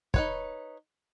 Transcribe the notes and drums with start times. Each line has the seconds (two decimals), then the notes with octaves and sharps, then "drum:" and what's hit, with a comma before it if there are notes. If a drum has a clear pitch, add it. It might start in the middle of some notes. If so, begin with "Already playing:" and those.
0.14 D#4 B4 C#5, drum: kick